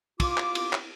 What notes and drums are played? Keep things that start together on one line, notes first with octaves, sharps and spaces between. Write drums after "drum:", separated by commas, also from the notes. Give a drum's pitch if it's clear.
F4 D6, drum: kick, cymbal
drum: clap
drum: cymbal
drum: clap